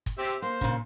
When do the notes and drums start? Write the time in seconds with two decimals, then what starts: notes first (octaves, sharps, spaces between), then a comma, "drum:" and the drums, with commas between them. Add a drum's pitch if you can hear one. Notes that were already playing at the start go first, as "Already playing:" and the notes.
0.06 drum: kick, hi-hat
0.19 C4 G4 E5
0.42 A#3 C5
0.61 A#2 C#3, drum: kick